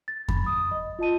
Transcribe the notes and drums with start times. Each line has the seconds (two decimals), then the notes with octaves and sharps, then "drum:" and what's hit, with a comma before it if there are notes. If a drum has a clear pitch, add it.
0.08 A6
0.28 B5, drum: kick F2
0.46 D#6
0.71 D#5
0.99 F4 D#5 A5 D#7